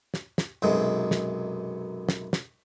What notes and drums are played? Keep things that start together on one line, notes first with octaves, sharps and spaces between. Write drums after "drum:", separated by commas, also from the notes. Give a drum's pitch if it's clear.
drum: snare
drum: snare
B1 F#2 C3 G#3
drum: snare
drum: snare
drum: snare